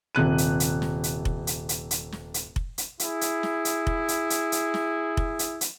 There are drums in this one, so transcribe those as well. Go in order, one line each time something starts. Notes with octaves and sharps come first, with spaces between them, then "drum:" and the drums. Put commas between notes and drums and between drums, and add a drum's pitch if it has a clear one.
D#1 C3 F#6 D#7
drum: hi-hat
drum: hi-hat
drum: snare
drum: hi-hat
drum: kick F1
drum: hi-hat
drum: hi-hat
drum: hi-hat
drum: snare
drum: hi-hat
drum: kick F1
drum: hi-hat
E4 G#4, drum: hi-hat
drum: hi-hat
drum: snare
drum: hi-hat
drum: kick F1
drum: hi-hat
drum: hi-hat
drum: hi-hat
drum: snare
drum: kick F1
drum: hi-hat
drum: hi-hat